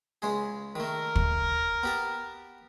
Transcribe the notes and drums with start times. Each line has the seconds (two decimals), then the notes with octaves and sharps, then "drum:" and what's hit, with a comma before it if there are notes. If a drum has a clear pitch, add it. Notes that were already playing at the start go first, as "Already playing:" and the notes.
0.22 C#2 G#3 G#4
0.75 D#3 A3 A#4
1.15 drum: kick
1.83 B3 G4 A5